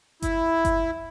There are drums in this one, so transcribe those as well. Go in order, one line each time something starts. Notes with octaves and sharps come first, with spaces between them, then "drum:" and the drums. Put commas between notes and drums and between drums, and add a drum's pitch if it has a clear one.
E4, drum: kick G1, hi-hat
drum: kick G1, hi-hat